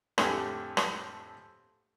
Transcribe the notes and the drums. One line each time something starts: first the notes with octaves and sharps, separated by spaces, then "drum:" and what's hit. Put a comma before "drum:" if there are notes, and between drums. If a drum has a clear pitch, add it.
F2 A2 D3 A3 G4 G#5, drum: rim click
drum: rim click